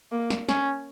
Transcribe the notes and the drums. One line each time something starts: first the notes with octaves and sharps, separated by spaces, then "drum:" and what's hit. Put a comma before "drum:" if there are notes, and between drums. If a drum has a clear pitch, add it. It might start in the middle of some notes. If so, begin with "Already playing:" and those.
A#3
drum: snare
C#4, drum: snare